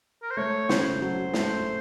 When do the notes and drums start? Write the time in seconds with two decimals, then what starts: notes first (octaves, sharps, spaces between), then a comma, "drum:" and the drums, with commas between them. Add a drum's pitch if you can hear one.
0.22 A#4
0.30 C5
0.37 A3 C#5
0.69 C#3 C5, drum: snare
1.02 F#3
1.33 A3, drum: snare